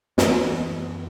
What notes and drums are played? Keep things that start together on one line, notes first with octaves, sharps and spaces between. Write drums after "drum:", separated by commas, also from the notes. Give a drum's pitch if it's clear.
F#2 E3 B3, drum: snare